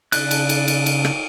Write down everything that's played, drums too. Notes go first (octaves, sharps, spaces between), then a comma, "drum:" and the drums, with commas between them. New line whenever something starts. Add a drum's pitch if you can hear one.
C#3 D4 F#6, drum: cymbal
drum: cymbal
drum: cymbal
drum: cymbal
drum: cymbal
drum: rim click